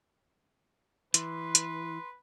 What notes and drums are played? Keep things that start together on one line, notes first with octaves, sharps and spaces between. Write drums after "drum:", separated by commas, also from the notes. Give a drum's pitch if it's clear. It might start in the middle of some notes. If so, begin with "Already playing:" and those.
E3 B4 C6, drum: hi-hat
drum: hi-hat